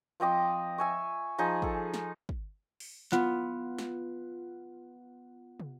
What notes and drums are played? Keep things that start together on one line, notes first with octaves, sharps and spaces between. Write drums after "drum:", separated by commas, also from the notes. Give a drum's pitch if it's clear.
F3 C4 D#5 D6
E5 G#5 C#6
F3 D#4 G#4
G#4 A4, drum: kick
drum: snare
drum: kick
drum: open hi-hat
B3 F4, drum: clap
drum: snare
drum: tom